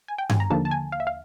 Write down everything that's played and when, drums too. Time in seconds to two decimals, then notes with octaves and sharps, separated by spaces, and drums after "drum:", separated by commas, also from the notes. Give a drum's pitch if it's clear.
0.08 G#5
0.18 G5
0.30 G#5, drum: tom G2
0.40 A#5
0.50 D#2 D3 F3 A#3 A5
0.65 A5
0.71 G#5
0.92 F5
1.00 E5
1.07 F5